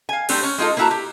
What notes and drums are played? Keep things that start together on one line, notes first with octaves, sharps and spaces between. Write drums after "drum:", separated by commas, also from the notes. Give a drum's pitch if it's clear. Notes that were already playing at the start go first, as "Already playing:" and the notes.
F5 G#5
G3 A3 C4 D4, drum: cymbal
C#4 C#5
G#3 D#4 F4 A4
A#3 B3 E4 F#4 A5 A#5
G4